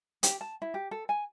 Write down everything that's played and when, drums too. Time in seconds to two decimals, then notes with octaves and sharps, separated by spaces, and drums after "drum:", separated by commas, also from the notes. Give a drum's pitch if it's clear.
0.23 G4, drum: hi-hat
0.41 A5
0.62 E4
0.74 G4
0.91 A4
1.09 G#5